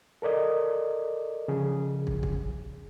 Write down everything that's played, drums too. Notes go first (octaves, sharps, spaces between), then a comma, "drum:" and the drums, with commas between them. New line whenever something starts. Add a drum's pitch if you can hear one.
A4 A#4 D5 D#5
C#3 F3 G#4
drum: kick
drum: kick